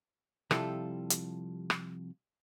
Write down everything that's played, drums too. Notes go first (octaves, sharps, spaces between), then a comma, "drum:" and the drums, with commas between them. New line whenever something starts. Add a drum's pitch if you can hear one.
C3 F3 G3 E4 F4 A4, drum: rim click
drum: hi-hat
drum: rim click